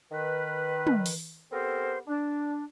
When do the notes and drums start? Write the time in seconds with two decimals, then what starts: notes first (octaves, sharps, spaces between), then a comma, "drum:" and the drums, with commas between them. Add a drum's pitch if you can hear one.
0.12 D#3 B4
0.87 drum: tom
1.06 drum: open hi-hat
1.51 B3 C4 G4 A4 A#4 C5
2.07 D4